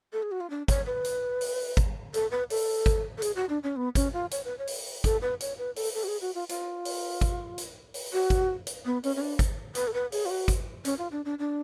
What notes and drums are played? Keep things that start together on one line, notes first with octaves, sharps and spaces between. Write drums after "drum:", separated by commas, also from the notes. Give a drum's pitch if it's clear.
A4
G#4
F#4
F4
D4
C#5, drum: kick G#1, hi-hat
B4
drum: hi-hat
drum: open hi-hat
drum: kick G#1, hi-hat
A4, drum: hi-hat
B4
A4, drum: open hi-hat
drum: kick G#1, hi-hat
A4
G#4, drum: hi-hat
F#4
D4
C#4
B3
C#4, drum: kick G#1, hi-hat
F4
C#5, drum: hi-hat
B4
C#5
drum: open hi-hat
A4, drum: kick G#1, hi-hat
B4
C#5, drum: hi-hat
B4
A4, drum: open hi-hat
A4
F#4
G#4
F#4
F4
F4, drum: hi-hat
drum: open hi-hat
drum: kick G#1, hi-hat
drum: hi-hat
drum: open hi-hat
F#4
drum: kick G#1, hi-hat
drum: hi-hat
B3
C#4, drum: open hi-hat
C#4
D4
drum: kick G#1, hi-hat
B4, drum: hi-hat
A4
B4
G#4, drum: open hi-hat
F4
F#4
drum: kick G#1, hi-hat
C#4, drum: hi-hat
F4
D4
D4
D4